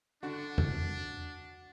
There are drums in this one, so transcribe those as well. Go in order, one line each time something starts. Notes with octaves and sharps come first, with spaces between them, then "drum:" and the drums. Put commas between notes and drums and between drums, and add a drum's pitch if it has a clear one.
D3 D4 F#4
drum: tom E2